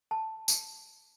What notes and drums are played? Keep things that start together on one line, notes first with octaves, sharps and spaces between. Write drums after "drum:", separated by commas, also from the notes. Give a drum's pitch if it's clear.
A5
drum: tambourine